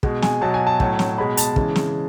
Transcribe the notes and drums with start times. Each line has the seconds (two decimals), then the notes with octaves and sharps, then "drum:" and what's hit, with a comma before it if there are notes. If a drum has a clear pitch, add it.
0.03 B2 G#3, drum: kick
0.22 G#5, drum: snare
0.41 B2 F#3 A5
0.54 G#5
0.67 A5
0.80 A2 F#3, drum: kick
0.99 drum: snare
1.18 B2 G#3 B5
1.37 A5, drum: hi-hat
1.56 C#3 E3 G#3, drum: kick
1.76 drum: snare